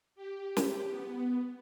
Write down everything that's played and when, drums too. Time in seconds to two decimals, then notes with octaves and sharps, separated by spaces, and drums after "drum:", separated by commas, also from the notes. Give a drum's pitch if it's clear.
0.16 G4
0.57 drum: snare
0.89 B3